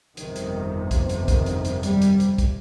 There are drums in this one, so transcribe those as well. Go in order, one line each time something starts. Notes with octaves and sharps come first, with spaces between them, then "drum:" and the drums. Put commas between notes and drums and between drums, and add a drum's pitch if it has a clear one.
G1 F2 C3 D#3, drum: hi-hat
drum: hi-hat
drum: kick, hi-hat
drum: hi-hat
D#3, drum: kick, hi-hat
drum: hi-hat
drum: hi-hat
G3, drum: hi-hat
drum: hi-hat
drum: hi-hat
drum: kick, hi-hat